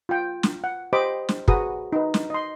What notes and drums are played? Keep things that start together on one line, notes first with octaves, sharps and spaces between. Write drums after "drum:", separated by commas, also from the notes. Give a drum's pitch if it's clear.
F4 G5
drum: snare
F#5
G4 C5 D#5 B5 D6
drum: snare
F#4 G#4 B4 A#5 D#6, drum: kick
D#4 B4
drum: snare
D#5 C6